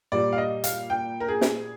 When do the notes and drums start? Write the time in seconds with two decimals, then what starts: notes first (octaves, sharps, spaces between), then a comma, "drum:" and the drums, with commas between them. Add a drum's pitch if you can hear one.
0.12 A#2 G3 A#3 D5
0.33 F5
0.38 D#5
0.64 F5, drum: hi-hat
0.90 G5
1.20 A#4
1.29 G#4
1.41 drum: snare